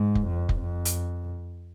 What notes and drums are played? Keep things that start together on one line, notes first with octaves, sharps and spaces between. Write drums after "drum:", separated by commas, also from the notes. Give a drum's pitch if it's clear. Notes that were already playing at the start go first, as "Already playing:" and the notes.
Already playing: G#2
drum: kick F1
F2
drum: kick F1
F2
drum: hi-hat